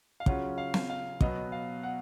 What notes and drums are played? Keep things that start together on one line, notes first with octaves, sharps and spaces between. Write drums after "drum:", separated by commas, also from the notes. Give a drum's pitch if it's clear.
F5
C#3 F#3 C#4 F4 F#5, drum: kick
F5
drum: snare
F5
B2 F#3 B3 D#5, drum: kick
F5
F#5